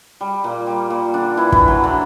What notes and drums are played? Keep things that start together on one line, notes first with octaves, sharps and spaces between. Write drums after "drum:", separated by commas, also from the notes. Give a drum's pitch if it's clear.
G3
A#2 A#3
G3
A#2 A#3
D3 D4
E3 E4
E3 E4, drum: kick
F#3
D3